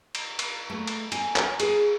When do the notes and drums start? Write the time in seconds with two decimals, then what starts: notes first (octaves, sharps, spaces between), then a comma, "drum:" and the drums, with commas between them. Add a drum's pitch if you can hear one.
0.15 drum: cymbal
0.39 drum: cymbal
0.70 A3
0.87 drum: cymbal
1.12 G#5, drum: cymbal
1.36 drum: clap
1.60 G#4, drum: cymbal